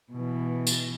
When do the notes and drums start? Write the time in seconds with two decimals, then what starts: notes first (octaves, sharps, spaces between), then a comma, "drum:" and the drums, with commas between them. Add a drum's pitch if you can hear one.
0.12 B2 E3
0.67 drum: tambourine